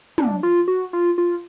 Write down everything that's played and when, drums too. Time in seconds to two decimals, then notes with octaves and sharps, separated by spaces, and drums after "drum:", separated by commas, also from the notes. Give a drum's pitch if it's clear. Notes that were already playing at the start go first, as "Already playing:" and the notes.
0.18 D4, drum: tom
0.43 F4
0.68 F#4
0.93 F4
1.18 F4